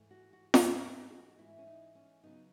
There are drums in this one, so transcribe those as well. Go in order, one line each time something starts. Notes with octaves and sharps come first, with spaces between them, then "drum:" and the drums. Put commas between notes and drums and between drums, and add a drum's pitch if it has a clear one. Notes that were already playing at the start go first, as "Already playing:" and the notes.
Already playing: G#2 E3 A3
F#4
F#4
G#2 E3 A3 E4, drum: snare F4
C#4
D#4
G#4
F#4
G#2 E3 A3 E4
C#4
D#4
C#4
C#3 F#3 B3 D#4